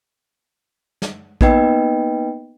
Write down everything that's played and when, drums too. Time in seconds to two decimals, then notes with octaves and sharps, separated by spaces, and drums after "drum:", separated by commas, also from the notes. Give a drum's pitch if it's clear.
1.02 drum: snare
1.41 A#3 B3 D#4 B4 D#5 G5, drum: kick A#1